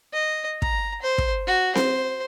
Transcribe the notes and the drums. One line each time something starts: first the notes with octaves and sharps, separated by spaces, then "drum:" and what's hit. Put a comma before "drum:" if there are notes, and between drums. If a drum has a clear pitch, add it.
D#5
A#5, drum: kick
C5
drum: kick
F#4
C5, drum: snare C4